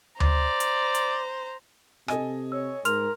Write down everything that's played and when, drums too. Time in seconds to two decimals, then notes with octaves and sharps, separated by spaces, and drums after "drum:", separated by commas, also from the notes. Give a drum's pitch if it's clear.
0.20 C5 D5 A#5, drum: tom D2
0.60 drum: hi-hat
0.95 drum: hi-hat
2.08 C3 A4 D#5 G#5, drum: rim click
2.52 C#5 E6
2.85 G#2 A#4 C6 F6 F7, drum: hi-hat